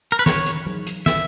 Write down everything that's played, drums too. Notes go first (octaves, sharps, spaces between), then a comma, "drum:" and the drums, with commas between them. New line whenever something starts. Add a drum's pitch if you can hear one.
A#4
B4
C#5, drum: snare
drum: hi-hat
drum: tom F#3
drum: hi-hat
E5, drum: snare